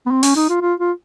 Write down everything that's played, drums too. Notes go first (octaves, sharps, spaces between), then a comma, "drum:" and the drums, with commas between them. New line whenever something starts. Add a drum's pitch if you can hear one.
B3
C4
C#4, drum: open hi-hat
D#4
F4
F4
F4